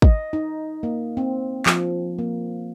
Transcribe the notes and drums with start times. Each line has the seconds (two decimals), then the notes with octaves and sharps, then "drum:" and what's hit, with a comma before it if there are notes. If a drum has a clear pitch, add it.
0.02 D#5, drum: kick
0.33 D#4
0.83 A#3
1.17 C4
1.66 F3, drum: clap
2.18 A#3